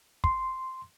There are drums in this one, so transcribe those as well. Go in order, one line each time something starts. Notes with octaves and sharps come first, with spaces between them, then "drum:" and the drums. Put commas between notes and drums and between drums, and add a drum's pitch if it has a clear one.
C6, drum: kick